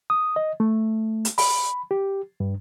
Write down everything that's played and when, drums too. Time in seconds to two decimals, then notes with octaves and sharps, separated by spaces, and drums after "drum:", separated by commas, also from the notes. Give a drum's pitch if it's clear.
0.10 D#6
0.36 D#5
0.60 A3
1.25 drum: hi-hat
1.38 B5, drum: open hi-hat
1.91 G4
2.40 G2